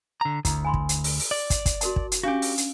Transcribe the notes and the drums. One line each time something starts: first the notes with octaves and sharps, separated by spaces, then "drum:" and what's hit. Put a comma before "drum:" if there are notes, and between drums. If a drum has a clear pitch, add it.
D3 A#5
D2 E4, drum: kick, hi-hat
G#5 B5 C6
drum: kick
drum: hi-hat
drum: open hi-hat
drum: open hi-hat
D5
drum: kick, hi-hat
drum: kick, hi-hat
F#4 A#4 A5, drum: hi-hat
drum: kick
drum: hi-hat
C#4 D4 F#4 G4 F5
drum: open hi-hat
drum: hi-hat